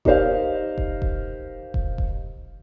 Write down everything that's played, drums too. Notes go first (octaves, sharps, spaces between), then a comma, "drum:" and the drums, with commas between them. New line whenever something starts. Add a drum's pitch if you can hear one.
D#4 G4 A#4 C5 F5, drum: kick E1
drum: kick E1
drum: kick E1
drum: kick E1
drum: kick E1